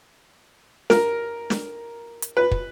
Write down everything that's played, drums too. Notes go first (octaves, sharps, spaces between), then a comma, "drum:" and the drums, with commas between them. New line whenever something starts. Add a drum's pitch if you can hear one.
A#4, drum: snare
drum: snare
drum: hi-hat
B4
drum: kick